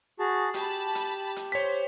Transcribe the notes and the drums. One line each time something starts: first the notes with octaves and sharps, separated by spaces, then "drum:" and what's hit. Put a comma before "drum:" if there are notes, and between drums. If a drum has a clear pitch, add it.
F#4 G#4 A5
G4 A5 B5, drum: hi-hat
drum: hi-hat
drum: hi-hat
C5 C#5 B6